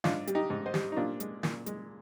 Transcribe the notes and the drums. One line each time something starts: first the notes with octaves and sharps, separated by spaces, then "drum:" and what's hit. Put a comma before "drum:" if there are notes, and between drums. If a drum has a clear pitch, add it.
G#2 D4 F4, drum: snare
G3, drum: hi-hat
D#4 G4
G#2
C5 D#5
G3, drum: snare
D#4
A#2 D4 F4
G#3, drum: hi-hat
A#2, drum: snare
G#3, drum: hi-hat